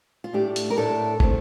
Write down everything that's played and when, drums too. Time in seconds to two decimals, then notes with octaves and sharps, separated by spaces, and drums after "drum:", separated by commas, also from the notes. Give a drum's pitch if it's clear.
0.24 F4
0.33 A2 A3 D4 G4
0.56 drum: hi-hat
0.70 A#4
0.77 A2 A3 D4 A4
1.20 A2 A3 C4, drum: kick